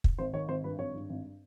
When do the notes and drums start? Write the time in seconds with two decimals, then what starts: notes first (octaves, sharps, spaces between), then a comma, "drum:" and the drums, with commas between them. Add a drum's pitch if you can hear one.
0.04 drum: kick
0.19 G#1 C5
0.33 D#3 C#5
0.48 G#1 C5
0.64 G2 B4
0.79 G#1 C#5
0.94 G2
1.10 G#1